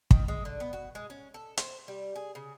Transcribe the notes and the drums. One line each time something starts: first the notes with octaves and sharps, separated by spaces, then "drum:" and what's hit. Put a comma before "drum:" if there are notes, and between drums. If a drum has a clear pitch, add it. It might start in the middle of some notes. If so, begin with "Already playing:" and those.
D#3, drum: kick
G#3
D3
B3
F#4
G#3
C#4
A4
C5, drum: hi-hat
G3
G#4
C#3